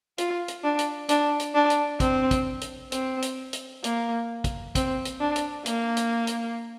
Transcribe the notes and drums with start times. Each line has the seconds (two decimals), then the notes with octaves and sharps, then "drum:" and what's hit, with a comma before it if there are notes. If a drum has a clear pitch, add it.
0.18 F4, drum: hi-hat
0.48 drum: hi-hat
0.64 D4
0.79 drum: hi-hat
1.09 D4, drum: hi-hat
1.40 drum: hi-hat
1.55 D4
1.70 drum: hi-hat
2.00 C4, drum: kick, hi-hat
2.31 drum: kick, hi-hat
2.61 drum: hi-hat
2.92 C4, drum: hi-hat
3.22 drum: hi-hat
3.53 drum: hi-hat
3.84 A#3, drum: hi-hat
4.44 drum: kick, hi-hat
4.75 C4, drum: kick, hi-hat
5.05 drum: hi-hat
5.20 D4
5.36 drum: hi-hat
5.66 A#3, drum: hi-hat
5.97 drum: hi-hat
6.27 drum: hi-hat